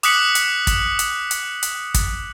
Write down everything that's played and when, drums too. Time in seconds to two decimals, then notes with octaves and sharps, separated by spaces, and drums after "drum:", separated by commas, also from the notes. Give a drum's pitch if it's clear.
0.03 D6 D#6 F#6 B6 C#7 F#7, drum: hi-hat
0.35 drum: hi-hat
0.67 drum: kick, hi-hat
0.99 drum: hi-hat
1.31 drum: hi-hat
1.63 drum: hi-hat
1.94 drum: kick, hi-hat